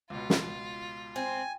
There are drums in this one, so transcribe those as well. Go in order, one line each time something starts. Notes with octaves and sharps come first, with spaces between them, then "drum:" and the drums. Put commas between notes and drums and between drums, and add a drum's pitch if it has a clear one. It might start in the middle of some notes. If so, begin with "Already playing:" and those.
C#2 B2 F4
drum: snare
C4 G#5